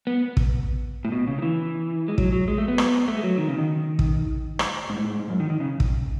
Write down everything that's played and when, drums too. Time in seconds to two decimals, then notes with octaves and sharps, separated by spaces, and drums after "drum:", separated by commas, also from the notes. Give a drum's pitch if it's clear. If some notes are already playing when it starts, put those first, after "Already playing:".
0.07 B3
0.37 drum: kick
1.05 A2
1.12 B2
1.27 C#3
1.38 D#3
1.42 E3
2.08 G#3
2.18 F#3, drum: kick
2.32 F#3
2.48 G#3
2.58 A3
2.68 B3
2.78 drum: rim click
3.08 A3
3.17 G#3
3.23 F#3
3.38 D#3
3.48 C#3
3.58 D#3
3.99 drum: kick
4.59 drum: rim click
4.90 G#2
4.97 A2
5.04 G#2
5.19 G#2
5.30 F#2
5.40 D#3
5.50 D#3
5.60 C#3
5.80 drum: kick